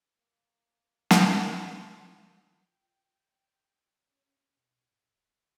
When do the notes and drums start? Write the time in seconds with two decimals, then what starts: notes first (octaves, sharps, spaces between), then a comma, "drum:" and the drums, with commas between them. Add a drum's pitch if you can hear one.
0.16 A#3
1.11 drum: snare
1.65 F4
2.25 G5
3.93 C#4
4.57 B2
4.92 G#2
5.14 D1
5.32 D#1